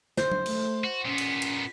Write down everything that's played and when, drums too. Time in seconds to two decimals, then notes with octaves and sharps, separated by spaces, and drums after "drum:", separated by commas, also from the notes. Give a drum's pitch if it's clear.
0.17 D3 C5, drum: snare
0.32 drum: tom F#3
0.46 A3, drum: cymbal
0.84 F#4
1.06 A#2 B3 C#4
1.18 drum: cymbal
1.42 drum: cymbal